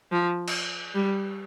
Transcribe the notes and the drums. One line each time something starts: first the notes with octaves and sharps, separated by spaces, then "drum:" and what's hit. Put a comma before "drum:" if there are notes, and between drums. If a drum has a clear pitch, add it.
F3
drum: cymbal
G3